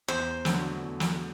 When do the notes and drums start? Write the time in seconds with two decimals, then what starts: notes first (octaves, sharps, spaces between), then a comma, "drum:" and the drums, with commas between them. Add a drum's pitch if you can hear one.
0.08 E2 C5
0.45 D3 F#3 A3, drum: snare
0.82 E2
1.00 drum: snare